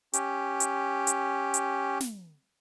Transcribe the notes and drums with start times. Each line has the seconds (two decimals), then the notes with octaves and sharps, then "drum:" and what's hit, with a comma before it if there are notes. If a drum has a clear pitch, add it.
0.13 C#4 G4, drum: hi-hat
0.60 drum: hi-hat
1.07 drum: hi-hat
1.54 drum: hi-hat
2.00 drum: snare